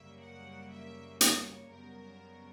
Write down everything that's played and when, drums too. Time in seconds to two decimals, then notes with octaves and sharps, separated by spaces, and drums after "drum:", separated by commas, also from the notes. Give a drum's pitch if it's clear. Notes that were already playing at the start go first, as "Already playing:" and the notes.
Already playing: F#2 C#3 G3 A#3 E5
0.22 F#5
0.71 E5
1.21 C#5, drum: hi-hat
1.69 F#2 C#3 G3 B3 A#4